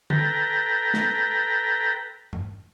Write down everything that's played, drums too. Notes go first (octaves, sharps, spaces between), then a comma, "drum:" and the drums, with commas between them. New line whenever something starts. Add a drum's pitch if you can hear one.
A4 B4 G5 A#5, drum: tom
drum: snare
drum: tom G2